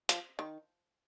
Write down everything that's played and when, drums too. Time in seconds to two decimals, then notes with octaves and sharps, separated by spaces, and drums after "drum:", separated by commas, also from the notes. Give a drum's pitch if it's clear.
0.09 F3, drum: hi-hat
0.39 D#3